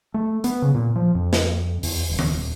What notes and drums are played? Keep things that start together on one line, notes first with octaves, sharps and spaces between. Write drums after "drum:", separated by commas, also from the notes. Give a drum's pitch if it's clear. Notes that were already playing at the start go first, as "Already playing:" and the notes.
A3
B3, drum: hi-hat
C#3
A#2
F3
F2
drum: snare
E2, drum: open hi-hat
D#1
drum: tom D#3
D#1